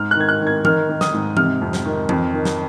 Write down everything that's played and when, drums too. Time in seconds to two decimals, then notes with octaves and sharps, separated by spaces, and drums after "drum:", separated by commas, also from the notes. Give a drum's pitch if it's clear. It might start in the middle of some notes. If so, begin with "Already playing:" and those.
Already playing: G#2 F6
0.11 F#6
0.17 D#3 G#6
0.29 F#6
0.41 D#3
0.47 G#6
0.65 D#3 F6, drum: tom E3
0.89 D#3
1.01 D#6, drum: snare
1.13 G#2
1.37 C3 F6, drum: tom E3
1.61 F2
1.73 drum: snare
1.85 D#3
2.09 F2, drum: tom E3
2.33 D#3
2.45 drum: snare